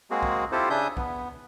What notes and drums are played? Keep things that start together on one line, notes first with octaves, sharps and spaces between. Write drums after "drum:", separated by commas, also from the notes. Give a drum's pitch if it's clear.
G#3 A#3 C4 F#4 G#4
drum: kick A#1
C4 E4 F4 G4 A4 C5
C#3 D4 E5 G#5 D#6 G6
B3, drum: kick A#1